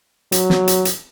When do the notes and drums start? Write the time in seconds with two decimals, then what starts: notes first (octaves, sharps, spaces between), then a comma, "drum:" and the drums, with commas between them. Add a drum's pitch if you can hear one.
0.32 F#3, drum: hi-hat
0.50 drum: snare
0.67 drum: hi-hat
0.85 drum: hi-hat